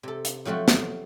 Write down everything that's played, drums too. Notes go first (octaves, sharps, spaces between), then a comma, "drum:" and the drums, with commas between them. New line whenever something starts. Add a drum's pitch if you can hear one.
C3 A4
drum: hi-hat
F3 F#3 A3 C4 F#4
drum: snare